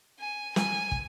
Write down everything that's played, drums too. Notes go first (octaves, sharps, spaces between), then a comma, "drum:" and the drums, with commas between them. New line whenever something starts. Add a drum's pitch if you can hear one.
G#5
G#5, drum: snare
drum: kick